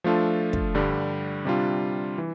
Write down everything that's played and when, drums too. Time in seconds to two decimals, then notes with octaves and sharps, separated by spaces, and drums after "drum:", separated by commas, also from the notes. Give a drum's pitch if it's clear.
0.04 F3 A3 D4 F4 A4
0.53 drum: kick
0.75 G2 D3 G3
1.45 C3 G3 D4 F4
2.18 E3